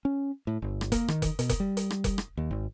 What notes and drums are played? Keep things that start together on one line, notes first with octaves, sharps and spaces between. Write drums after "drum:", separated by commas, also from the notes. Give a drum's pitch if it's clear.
C#4
A2
G1
drum: rim click
A#3, drum: kick F1, hi-hat
D#3, drum: rim click
drum: kick F1, hi-hat
B2, drum: hi-hat
drum: kick F1, hi-hat
G3
drum: hi-hat
drum: rim click
drum: kick F1, hi-hat
drum: rim click
D#2
G#1